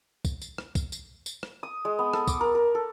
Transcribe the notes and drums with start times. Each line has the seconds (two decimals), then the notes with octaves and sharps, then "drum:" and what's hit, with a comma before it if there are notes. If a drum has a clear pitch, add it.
0.25 drum: kick, tambourine
0.41 drum: tambourine
0.58 drum: rim click
0.75 drum: kick, tambourine
0.92 drum: tambourine
1.26 drum: tambourine
1.43 drum: rim click
1.63 D#6
1.85 G#3
1.99 B3
2.13 A4, drum: rim click
2.27 D6, drum: kick, tambourine
2.41 A#4
2.55 A#4
2.75 A4